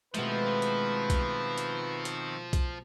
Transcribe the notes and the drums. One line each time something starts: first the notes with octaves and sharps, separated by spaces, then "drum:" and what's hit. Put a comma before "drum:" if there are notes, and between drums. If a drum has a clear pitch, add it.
B2 D#3 F3 G#3 A3 C4 B4 C#6, drum: hi-hat
drum: hi-hat
drum: kick B1, hi-hat
drum: hi-hat
drum: hi-hat
drum: kick B1, hi-hat